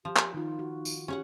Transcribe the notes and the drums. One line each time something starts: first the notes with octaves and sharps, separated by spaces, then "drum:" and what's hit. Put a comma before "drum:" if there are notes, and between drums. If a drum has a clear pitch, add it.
F3 G4
drum: clap
D#3 D#4 F4
F#4
drum: tambourine
C#4 G4 C#5 F#5